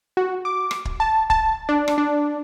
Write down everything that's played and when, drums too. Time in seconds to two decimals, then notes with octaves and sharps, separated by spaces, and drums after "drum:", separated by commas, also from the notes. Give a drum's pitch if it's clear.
0.17 F#4
0.45 D6
0.71 drum: rim click
0.85 drum: kick
1.00 A5
1.30 A5, drum: kick
1.69 D4
1.88 drum: rim click
1.98 D4